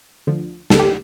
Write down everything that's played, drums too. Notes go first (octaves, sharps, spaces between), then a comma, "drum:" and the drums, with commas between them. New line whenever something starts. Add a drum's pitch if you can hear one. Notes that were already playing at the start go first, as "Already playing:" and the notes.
D2 D3 F3
C#2 C#3 G3 A#3 A4, drum: snare
G4